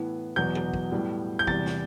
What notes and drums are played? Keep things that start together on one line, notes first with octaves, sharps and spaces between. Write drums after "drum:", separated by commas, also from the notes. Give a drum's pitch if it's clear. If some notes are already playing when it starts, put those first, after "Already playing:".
Already playing: A2 E3 B3
E2 B2 F#3 B3 G6
drum: tom
drum: kick
A2 G3 B3
G6
E2 C3 E3 G3 A6, drum: kick
drum: snare